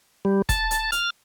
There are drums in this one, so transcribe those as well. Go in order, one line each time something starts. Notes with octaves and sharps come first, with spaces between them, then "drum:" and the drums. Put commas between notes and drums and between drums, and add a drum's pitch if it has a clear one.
G3
A5, drum: kick E1, hi-hat
drum: hi-hat
F6, drum: hi-hat